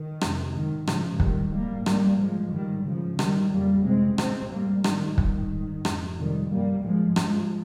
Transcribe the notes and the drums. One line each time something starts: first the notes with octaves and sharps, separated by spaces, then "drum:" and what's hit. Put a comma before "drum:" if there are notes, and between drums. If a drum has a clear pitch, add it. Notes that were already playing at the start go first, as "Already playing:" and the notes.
Already playing: D#3
F2 C3, drum: rim click
G#2 D#3
G#2 C#3 F3, drum: rim click
G2 D#3 G3, drum: kick
G#2 G3 A#3
G#2 G3 A#3, drum: rim click
G#2 F3 G#3
G#2 D#3 G3
G#2 C#3 F3
G2 D#3 G3, drum: rim click
F2 C#3 G3 A#3
F2 C3 G#3 C4
G#2 G#3 C4, drum: rim click
G#2 G3 A#3
G#2 D#3 G3, drum: rim click
G2 D#3, drum: kick
G#2
F2 C#3, drum: rim click
F2 C3 D#3 G3
G2 G3 A#3
G#2 F3 G#3
G2 F3 G#3, drum: rim click